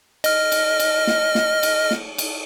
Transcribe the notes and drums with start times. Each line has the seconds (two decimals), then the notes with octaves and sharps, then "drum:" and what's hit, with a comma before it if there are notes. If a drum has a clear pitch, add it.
0.24 D#5 F6, drum: cymbal
0.52 drum: cymbal
0.80 drum: cymbal
1.07 drum: snare
1.35 drum: snare
1.63 drum: cymbal
1.91 drum: snare
2.18 drum: cymbal